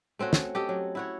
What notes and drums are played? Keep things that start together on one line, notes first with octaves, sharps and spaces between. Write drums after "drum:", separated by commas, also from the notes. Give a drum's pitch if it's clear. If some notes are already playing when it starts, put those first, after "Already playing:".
A3 C4 C#4 F#4
drum: snare
G4 A4 D#5
F#3
E4 F#4 C#5